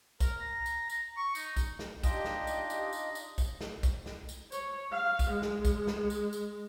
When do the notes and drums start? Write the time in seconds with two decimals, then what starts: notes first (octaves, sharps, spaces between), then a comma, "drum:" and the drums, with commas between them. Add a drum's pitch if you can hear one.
0.20 A#4, drum: kick B1, tambourine
0.40 A#5
0.66 drum: tambourine
0.89 A#5, drum: tambourine
1.17 C#6
1.35 D#4, drum: tambourine
1.57 drum: kick B1, tambourine
1.79 drum: snare
2.03 D4 D#4 F4 G4 D#5, drum: kick B1, tambourine
2.25 drum: snare
2.47 drum: tambourine
2.70 drum: tambourine
2.93 drum: tambourine
3.15 drum: tambourine
3.38 drum: kick B1, tambourine
3.61 drum: snare
3.83 drum: kick B1, tambourine
4.06 drum: snare
4.29 drum: tambourine
4.52 C#5, drum: tambourine
4.92 F5
5.19 drum: kick B1, tambourine
5.31 G#3
5.42 drum: snare
5.65 drum: kick B1, tambourine
5.87 drum: snare
6.10 drum: tambourine
6.33 drum: tambourine